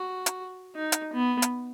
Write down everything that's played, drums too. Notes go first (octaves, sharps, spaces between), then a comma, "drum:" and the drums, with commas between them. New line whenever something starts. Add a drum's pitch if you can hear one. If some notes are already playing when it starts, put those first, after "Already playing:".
Already playing: F#4
drum: hi-hat
D#4
drum: hi-hat
B3
drum: hi-hat